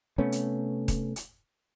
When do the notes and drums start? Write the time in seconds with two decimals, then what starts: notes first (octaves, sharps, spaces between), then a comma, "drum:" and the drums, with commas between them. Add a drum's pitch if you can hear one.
0.18 C3 A3 B3 C#4
0.32 drum: hi-hat
0.88 drum: kick D#1, hi-hat
1.16 drum: hi-hat